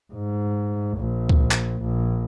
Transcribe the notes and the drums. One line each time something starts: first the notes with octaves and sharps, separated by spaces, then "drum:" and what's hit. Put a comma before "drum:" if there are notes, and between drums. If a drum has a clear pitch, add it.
G#2
A#1
drum: kick C#2
drum: clap
A#1